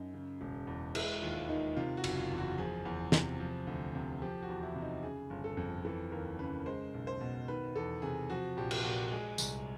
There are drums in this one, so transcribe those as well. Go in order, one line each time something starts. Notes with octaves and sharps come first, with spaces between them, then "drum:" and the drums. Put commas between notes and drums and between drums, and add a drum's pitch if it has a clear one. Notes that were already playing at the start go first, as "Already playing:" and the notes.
Already playing: F#2 D#4
C#3
E1
E2
G#3 E4, drum: cymbal
D#2 F4
D#3 D#4
C3 F4
F#4
F#1, drum: cymbal
F4
E2
F#4
F3 G#4
E2
C3, drum: snare
F3
D2
C3
F3 G4
F#4
E2
E4
C3
D#4
C#3 G#4
G1
A4
F2
E3 A4
D#2 A#4
C#3 B4
G#3 C5
B1
C5
B2
D#3 B4
E2 A4
C3 G#4
F3 F#4
A#1 G4
drum: cymbal
A#2 F#4
G#3 G#4
C2, drum: tambourine